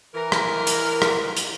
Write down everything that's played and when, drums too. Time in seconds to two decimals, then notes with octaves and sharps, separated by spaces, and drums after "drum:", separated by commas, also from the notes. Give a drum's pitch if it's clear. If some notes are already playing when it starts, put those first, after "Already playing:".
0.15 E3 A#4
0.32 drum: rim click
0.67 drum: hi-hat
1.02 drum: rim click
1.37 drum: hi-hat